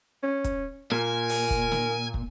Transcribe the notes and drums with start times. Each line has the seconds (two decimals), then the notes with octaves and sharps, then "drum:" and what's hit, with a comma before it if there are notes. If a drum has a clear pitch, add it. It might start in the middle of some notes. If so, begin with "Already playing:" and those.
0.23 C#4
0.44 drum: kick, hi-hat
0.92 A#2 A#4 G#5
1.29 drum: open hi-hat
1.50 drum: kick
1.72 drum: snare
2.14 drum: kick